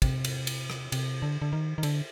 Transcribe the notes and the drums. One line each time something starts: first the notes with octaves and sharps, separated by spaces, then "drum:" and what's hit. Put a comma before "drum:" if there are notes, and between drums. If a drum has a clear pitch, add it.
C3, drum: kick, cymbal
drum: cymbal
drum: cymbal
drum: rim click
C3, drum: cymbal
D3
D3
D#3
D#3
D3, drum: cymbal